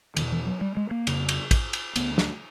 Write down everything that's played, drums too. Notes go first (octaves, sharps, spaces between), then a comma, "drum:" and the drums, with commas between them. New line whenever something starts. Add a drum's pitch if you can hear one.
E2 B2 D#3, drum: cymbal
E3
F#3
G3
G#3
A#3
F2 C#3, drum: cymbal
drum: cymbal
drum: kick, cymbal
drum: cymbal
D2 D3 B3, drum: cymbal
drum: snare